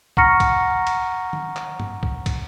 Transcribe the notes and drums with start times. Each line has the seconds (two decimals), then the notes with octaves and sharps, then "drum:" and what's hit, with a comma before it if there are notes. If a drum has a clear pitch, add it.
0.17 F#5 A#5 C#6 F6 A#6 C#7, drum: kick
0.40 drum: kick, cymbal
0.87 drum: cymbal
1.33 drum: tom
1.56 drum: clap
1.80 drum: tom G2
2.03 drum: kick
2.26 drum: kick, cymbal